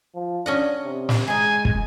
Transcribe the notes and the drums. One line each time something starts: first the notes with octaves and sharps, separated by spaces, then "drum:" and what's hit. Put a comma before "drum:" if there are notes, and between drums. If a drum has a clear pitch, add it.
F3
C#4 D4 D#5 F#5
C3
drum: snare
G#3 D#4 G#4 G#5
drum: kick